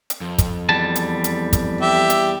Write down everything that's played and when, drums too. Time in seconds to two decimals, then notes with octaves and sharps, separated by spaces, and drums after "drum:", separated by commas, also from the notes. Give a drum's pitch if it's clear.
0.10 drum: hi-hat
0.21 F2
0.38 drum: kick, hi-hat
0.69 E2 G3 A5
0.96 drum: hi-hat
1.24 drum: hi-hat
1.53 drum: kick, hi-hat
1.81 G4 E5
2.10 drum: hi-hat